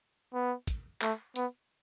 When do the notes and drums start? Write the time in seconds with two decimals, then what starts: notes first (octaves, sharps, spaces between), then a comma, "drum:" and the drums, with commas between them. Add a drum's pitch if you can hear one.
0.33 B3
0.67 drum: kick, hi-hat
1.02 A3, drum: clap
1.36 B3, drum: hi-hat